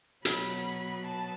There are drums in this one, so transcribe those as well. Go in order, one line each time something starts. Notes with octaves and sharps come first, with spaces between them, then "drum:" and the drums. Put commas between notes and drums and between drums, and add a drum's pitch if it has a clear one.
B2 F#3 B3 B5, drum: hi-hat
A5